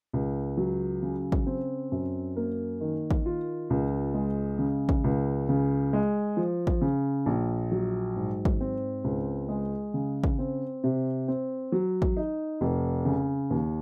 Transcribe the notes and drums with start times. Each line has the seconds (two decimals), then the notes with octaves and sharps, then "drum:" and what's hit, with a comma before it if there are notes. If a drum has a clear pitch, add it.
0.13 C#2
0.57 F#3
1.03 C#3
1.32 drum: kick
1.47 C4
1.92 F#2
2.36 A#3
2.81 D#3
3.11 drum: kick
3.26 F4
3.70 C#2
4.14 G#3
4.58 C#3
4.89 drum: kick
5.04 C#2
5.49 C#3
5.93 G#3
6.37 F3
6.67 drum: kick
6.81 C#3
7.26 A#1
7.72 F#3
8.16 G#2
8.45 drum: kick
8.61 C4
9.04 C#2
9.49 G#3
9.94 C#3
10.24 drum: kick
10.39 C4
10.84 C3
11.28 C4
11.72 F#3
12.02 drum: kick
12.17 D#4
12.61 F1
13.05 C#3
13.51 D#2